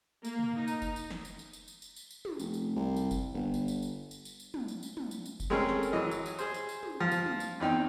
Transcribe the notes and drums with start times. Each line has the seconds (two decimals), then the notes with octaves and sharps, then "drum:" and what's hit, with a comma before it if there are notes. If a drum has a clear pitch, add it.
0.25 A#3, drum: tambourine
0.39 drum: tom
0.57 D#4
0.68 drum: tambourine
0.82 drum: kick F1, tambourine
0.96 drum: tambourine
1.10 drum: snare
1.25 drum: tambourine
1.39 drum: tambourine
1.53 drum: tambourine
1.68 drum: tambourine
1.82 drum: tambourine
1.96 drum: tambourine
2.11 drum: tambourine
2.25 drum: tom
2.39 F1, drum: tambourine
2.54 drum: tambourine
2.76 C2
2.97 drum: tambourine
3.11 drum: kick F1, tambourine
3.34 G1
3.54 drum: tambourine
3.68 drum: tambourine
3.82 drum: tambourine
4.11 drum: tambourine
4.25 drum: tambourine
4.40 drum: tambourine
4.54 drum: tom
4.68 drum: tambourine
4.83 drum: tambourine
4.97 drum: tom
5.11 drum: tambourine
5.26 drum: tambourine
5.40 drum: kick F1, tambourine
5.50 G#3 A3 C4 C#4 G#4 A#4
5.68 drum: snare
5.83 drum: tambourine
5.93 E3 F#3 D#5
6.11 drum: tambourine
6.26 drum: tambourine
6.39 G#4 C5, drum: tambourine
6.54 drum: tambourine
6.69 drum: tambourine
6.83 drum: tom
7.00 F3
7.12 drum: tambourine
7.26 drum: tom
7.40 drum: tambourine
7.60 E2 C4 D#4 G5